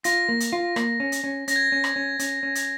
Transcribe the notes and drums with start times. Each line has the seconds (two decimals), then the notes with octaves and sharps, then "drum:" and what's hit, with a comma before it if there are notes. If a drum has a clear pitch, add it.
0.04 F4 A#6, drum: hi-hat
0.29 A#3
0.40 drum: hi-hat
0.53 F4
0.76 A#3, drum: rim click
1.00 C#4
1.12 drum: hi-hat
1.24 C#4
1.48 C#4 A#6, drum: hi-hat
1.56 G#6
1.63 A#6
1.72 C#4
1.84 drum: rim click
1.96 C#4
2.19 C#4, drum: hi-hat
2.43 C#4
2.55 drum: hi-hat